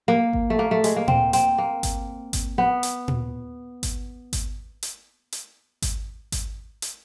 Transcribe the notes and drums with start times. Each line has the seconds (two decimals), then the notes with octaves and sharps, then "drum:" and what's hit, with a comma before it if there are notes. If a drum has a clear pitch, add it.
0.08 A#3
0.33 drum: kick G#1
0.50 A3
0.59 A#3
0.71 A3
0.84 G#3, drum: hi-hat
0.96 A#3
1.08 C4, drum: tom
1.33 C4, drum: hi-hat
1.58 A#3
1.83 drum: kick G#1, hi-hat
2.33 drum: kick G#1, hi-hat
2.58 B3
2.83 drum: hi-hat
3.08 drum: tom
3.83 drum: kick G#1, hi-hat
4.33 drum: kick G#1, hi-hat
4.83 drum: hi-hat
5.32 drum: hi-hat
5.82 drum: kick G#1, hi-hat
6.32 drum: kick G#1, hi-hat
6.82 drum: hi-hat